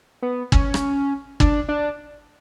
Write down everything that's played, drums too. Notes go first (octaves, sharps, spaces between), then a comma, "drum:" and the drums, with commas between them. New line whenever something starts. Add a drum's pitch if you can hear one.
B3
C#4, drum: kick
drum: rim click
D4, drum: kick
D4